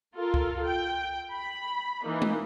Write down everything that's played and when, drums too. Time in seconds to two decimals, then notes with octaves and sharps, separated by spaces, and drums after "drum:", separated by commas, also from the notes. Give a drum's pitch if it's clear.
0.16 F4 A4 A#4
0.34 drum: kick C#2
0.66 G5
1.33 B5
2.03 E3 A#3 D#4
2.22 drum: tom G#3